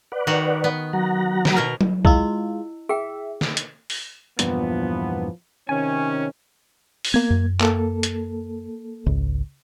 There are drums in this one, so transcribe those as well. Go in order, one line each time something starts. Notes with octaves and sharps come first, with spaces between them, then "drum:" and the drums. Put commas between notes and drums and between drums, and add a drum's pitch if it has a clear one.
B4 D5 F#5
D#3 F#4
B3
F#3 F#5 A#5
drum: snare
B2 A#4
drum: tom F#3
G#3 E4 F4 D#5 E6, drum: kick
G#4 E5 G5
drum: snare
drum: hi-hat
drum: open hi-hat
E2 G2 A#2 E3 F3 B3, drum: hi-hat
C3 D#3 C#4 G#5
drum: open hi-hat
A#3 B3 G#6
F#2
A#3 A4, drum: clap
drum: hi-hat
G#1 C#2